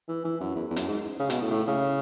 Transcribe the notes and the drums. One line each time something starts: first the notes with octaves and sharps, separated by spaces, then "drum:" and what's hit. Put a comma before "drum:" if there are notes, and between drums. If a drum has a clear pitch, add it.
E3
E3
F#2
E2
E2
F#2, drum: hi-hat
G#2
C#3
B2, drum: hi-hat
A2
A2
C#3